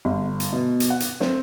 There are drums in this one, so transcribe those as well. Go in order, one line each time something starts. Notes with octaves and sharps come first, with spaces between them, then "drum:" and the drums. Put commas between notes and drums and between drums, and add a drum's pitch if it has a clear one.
G1
drum: hi-hat
B2
drum: hi-hat
F#5
drum: hi-hat
C4, drum: snare